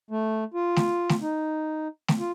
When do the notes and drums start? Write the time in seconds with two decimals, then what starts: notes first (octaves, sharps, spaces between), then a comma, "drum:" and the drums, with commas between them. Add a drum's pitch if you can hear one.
0.10 A3
0.54 F4
0.76 drum: snare A3
1.09 drum: snare A3
1.22 D#4
2.08 drum: snare A3
2.20 F4